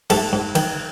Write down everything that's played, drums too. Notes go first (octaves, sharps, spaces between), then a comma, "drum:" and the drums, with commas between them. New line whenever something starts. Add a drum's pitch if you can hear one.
G#2 A3 A4, drum: cymbal
G#2
D#3, drum: cymbal